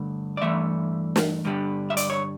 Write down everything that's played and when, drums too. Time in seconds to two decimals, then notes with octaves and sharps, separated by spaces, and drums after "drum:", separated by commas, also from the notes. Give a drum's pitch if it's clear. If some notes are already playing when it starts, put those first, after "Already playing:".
Already playing: G2 D3 A3
0.37 D5
0.42 G2 E3 A3 E5
1.16 drum: snare
1.45 G2 D3 G3
1.90 E5
1.97 D5, drum: hi-hat
2.10 C#5